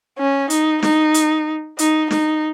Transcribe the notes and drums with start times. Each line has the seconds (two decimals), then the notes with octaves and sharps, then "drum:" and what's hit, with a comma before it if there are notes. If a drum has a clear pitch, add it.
0.18 C#4
0.50 D#4, drum: hi-hat
0.83 D#4, drum: snare
1.14 drum: hi-hat
1.79 D#4, drum: hi-hat
2.11 D#4, drum: snare